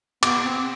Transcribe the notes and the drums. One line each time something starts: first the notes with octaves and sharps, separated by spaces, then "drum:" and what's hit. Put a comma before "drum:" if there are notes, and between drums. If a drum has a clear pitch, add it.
B3 D6, drum: cymbal
C4